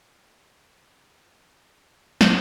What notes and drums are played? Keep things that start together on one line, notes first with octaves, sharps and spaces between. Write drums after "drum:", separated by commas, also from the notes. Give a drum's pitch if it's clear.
A#2 A#3 D4 F4
D3 F3 D4 G4
F3 C4 F4
G3 A#3 D4 G4
F3 C4 F4
drum: snare